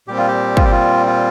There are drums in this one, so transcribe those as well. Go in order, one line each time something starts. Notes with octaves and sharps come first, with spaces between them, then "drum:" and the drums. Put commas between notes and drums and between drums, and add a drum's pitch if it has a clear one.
A#2 G3 C4 G4
F4
G4
F4, drum: kick
G4
F4
F4